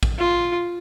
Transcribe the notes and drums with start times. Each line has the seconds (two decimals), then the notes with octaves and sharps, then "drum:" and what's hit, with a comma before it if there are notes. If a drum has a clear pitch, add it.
0.03 drum: kick
0.19 F4